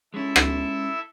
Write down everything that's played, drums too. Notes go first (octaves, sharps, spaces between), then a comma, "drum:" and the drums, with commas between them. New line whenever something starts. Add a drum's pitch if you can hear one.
G#3 C#4 E4 A4 E5
drum: rim click